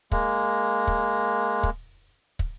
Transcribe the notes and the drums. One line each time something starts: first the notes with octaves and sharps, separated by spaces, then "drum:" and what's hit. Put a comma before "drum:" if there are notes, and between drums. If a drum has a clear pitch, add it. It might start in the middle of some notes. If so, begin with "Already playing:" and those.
G#3 A#3, drum: kick
drum: kick
drum: kick
drum: kick